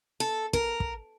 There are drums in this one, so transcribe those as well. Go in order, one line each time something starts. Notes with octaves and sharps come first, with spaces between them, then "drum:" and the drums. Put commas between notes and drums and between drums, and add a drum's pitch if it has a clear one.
A4
A#4, drum: kick
drum: kick